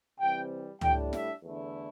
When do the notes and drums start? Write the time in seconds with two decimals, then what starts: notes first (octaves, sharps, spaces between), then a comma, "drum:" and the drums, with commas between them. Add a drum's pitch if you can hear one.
0.20 C3 E3 G3 C4 G5
0.81 A2 G3 D4 G5, drum: tom C#2
1.13 E5, drum: snare
1.43 E2 D3 A3 E4